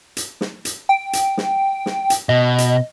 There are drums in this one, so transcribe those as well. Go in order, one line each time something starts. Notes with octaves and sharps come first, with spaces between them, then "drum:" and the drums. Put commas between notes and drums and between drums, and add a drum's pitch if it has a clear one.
drum: hi-hat
drum: snare
drum: hi-hat
G5
drum: hi-hat
drum: snare
drum: snare
drum: hi-hat
B2 D#5
drum: hi-hat